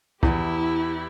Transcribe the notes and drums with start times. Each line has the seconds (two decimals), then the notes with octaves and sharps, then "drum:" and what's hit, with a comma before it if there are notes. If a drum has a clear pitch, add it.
0.23 E2 E4 G4, drum: kick C2